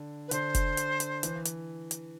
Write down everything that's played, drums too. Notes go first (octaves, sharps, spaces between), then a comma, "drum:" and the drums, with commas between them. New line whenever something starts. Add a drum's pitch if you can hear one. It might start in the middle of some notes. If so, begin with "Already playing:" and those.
Already playing: D3
B4
D3 C5, drum: hi-hat
drum: kick F1, hi-hat
drum: hi-hat
drum: hi-hat
E3, drum: hi-hat
drum: hi-hat
drum: hi-hat